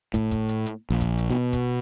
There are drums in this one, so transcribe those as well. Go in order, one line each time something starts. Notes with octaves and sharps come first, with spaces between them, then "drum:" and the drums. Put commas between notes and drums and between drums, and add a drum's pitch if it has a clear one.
A2, drum: kick, hi-hat
drum: kick, hi-hat
drum: hi-hat
drum: hi-hat
A#1
drum: kick, hi-hat
drum: hi-hat
B2
drum: kick, hi-hat